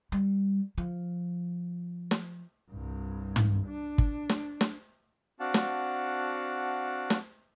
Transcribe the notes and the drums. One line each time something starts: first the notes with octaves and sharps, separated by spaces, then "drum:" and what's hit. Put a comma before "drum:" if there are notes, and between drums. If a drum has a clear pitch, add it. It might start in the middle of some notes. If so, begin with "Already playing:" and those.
G3
F3
drum: snare
C2 G2
drum: tom
D4
drum: kick
drum: snare
drum: snare
C4 D4 F#4 F5 F#5 A5
drum: snare
drum: snare